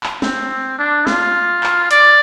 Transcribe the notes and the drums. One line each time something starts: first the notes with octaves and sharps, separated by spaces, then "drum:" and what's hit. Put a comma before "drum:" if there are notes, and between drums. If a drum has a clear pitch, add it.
drum: clap
C4, drum: snare
D4
F4, drum: snare
drum: clap
D5, drum: hi-hat